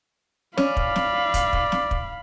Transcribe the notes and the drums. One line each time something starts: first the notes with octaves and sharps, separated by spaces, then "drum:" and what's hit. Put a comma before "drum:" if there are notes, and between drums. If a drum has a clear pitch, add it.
C#4 D5 F5 B5, drum: snare
drum: kick
drum: snare
drum: kick, hi-hat
drum: kick
drum: snare
drum: kick